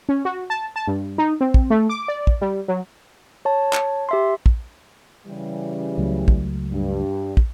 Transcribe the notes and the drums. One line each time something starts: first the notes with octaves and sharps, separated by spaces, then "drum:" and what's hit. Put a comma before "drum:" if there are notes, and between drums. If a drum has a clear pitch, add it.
C#4
F#4
A5
A5
G2
D#4
C4
drum: kick
A3
D6
D5
drum: kick
G3
F#3
C#5 A5
drum: clap
G4 E5 C6
drum: kick
C#3 E3 G3
C#2 F#3 A3
drum: kick
G2
drum: kick